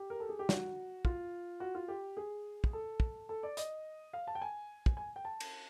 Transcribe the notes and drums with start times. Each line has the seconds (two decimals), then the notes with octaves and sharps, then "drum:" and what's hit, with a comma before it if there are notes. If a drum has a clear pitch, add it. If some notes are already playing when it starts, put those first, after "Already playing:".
Already playing: G4
0.10 A#4
0.20 A4
0.29 G#4
0.39 G4
0.49 F#4, drum: snare
1.05 F4, drum: kick
1.60 F#4
1.75 F4
1.88 G4
2.17 G#4
2.64 drum: kick
2.73 A4
3.00 drum: kick
3.29 A4
3.43 D5
3.57 D#5, drum: hi-hat
4.13 F5
4.27 A5
4.35 G5
4.42 G#5
4.86 drum: kick
4.97 G#5
5.16 G5
5.25 A5
5.40 drum: cymbal